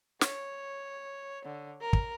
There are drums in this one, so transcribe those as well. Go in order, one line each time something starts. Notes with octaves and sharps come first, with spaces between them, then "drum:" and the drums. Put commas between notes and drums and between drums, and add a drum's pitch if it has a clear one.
C#5, drum: snare
D3
A#4
drum: kick